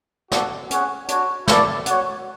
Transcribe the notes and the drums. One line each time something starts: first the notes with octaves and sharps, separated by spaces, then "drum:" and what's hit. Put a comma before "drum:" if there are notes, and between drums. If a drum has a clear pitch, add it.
F#4 A4 D5 F#5, drum: snare
C#4 G#4 C#5 F#5, drum: hi-hat
D4 F#4 C#5, drum: hi-hat
E4 A4 D5, drum: snare
F#4 C#5 F#5, drum: hi-hat